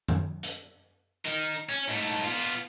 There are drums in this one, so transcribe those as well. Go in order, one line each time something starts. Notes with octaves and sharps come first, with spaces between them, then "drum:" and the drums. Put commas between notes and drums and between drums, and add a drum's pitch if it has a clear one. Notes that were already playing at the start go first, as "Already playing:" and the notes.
drum: tom
drum: hi-hat
D#4 A#4
C#4
G#2 A3
B3 F4